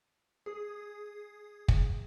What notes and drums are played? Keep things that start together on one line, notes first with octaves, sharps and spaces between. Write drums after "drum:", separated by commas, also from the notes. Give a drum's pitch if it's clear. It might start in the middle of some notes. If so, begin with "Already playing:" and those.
G#4 D#6
drum: kick